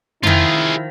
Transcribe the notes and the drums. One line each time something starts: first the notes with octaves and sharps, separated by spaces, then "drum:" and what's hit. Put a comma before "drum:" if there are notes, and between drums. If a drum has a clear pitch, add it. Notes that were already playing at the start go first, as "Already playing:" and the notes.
D#3 F3 E4 F4 G#4, drum: tom F2